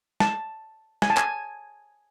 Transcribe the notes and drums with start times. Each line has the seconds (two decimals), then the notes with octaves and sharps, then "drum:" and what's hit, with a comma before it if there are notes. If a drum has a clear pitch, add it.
0.20 A5, drum: snare
1.02 G#5, drum: snare
1.10 A5
1.17 G#5, drum: clap